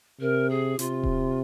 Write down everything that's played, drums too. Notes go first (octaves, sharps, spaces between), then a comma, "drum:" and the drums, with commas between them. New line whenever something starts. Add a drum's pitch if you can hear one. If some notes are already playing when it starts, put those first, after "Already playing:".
C3 A#4
G#4
C3 F4, drum: hi-hat
drum: kick D#1